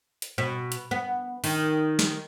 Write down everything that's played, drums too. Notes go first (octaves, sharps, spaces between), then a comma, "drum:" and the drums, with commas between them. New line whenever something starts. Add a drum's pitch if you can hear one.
drum: hi-hat
B2
drum: hi-hat
B3
D#3, drum: open hi-hat
drum: snare